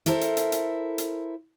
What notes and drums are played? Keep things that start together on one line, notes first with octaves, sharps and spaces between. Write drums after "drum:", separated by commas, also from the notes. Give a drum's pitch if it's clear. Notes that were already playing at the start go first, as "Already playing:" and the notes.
E4 A4 A#4 C5, drum: hi-hat
drum: hi-hat
drum: hi-hat
drum: hi-hat
drum: hi-hat